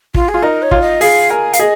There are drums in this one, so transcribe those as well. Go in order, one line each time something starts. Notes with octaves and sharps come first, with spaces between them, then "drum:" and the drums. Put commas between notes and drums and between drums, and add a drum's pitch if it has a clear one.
F4, drum: kick
G#4
F4
D#4 A#4
C#5
F4, drum: kick
D#5
G#4 F5, drum: open hi-hat
A#4 G#5
F5, drum: hi-hat
G#4 D#5